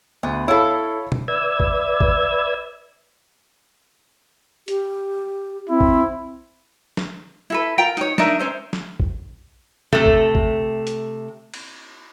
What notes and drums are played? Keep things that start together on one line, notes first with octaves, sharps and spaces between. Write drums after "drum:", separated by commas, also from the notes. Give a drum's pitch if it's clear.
D2 B3
E4 A4 C#5 F5 B5
drum: tom
B4 D5 E5 E6 G#6
drum: kick A1
drum: kick A1
G4, drum: hi-hat
C4 E4
drum: kick A1
drum: snare
E4 A4 B4
F4 A#4 G5 A#5
D#4 C#5, drum: hi-hat
D4 D#4 A#4 E5, drum: snare
C#4 C5 E5
drum: snare
drum: kick A1
C3 A3, drum: tom
drum: kick A1
drum: kick A1
drum: hi-hat
drum: cymbal